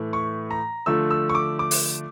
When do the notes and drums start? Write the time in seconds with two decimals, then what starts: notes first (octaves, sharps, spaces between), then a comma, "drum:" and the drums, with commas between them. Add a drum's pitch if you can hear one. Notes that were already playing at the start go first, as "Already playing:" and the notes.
Already playing: A2 E3 A3
0.13 C#6
0.51 A#5
0.86 D3 F3 A3 E6
1.11 E6
1.29 C#6
1.35 D6
1.59 D6
1.71 drum: open hi-hat